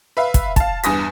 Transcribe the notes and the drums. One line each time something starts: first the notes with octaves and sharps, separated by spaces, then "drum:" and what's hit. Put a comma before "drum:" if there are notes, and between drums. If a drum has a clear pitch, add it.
B4 E5 F5
drum: kick, hi-hat
F5 A5, drum: kick, hi-hat
E2 G2 G#5 D#6 A#6 B6, drum: hi-hat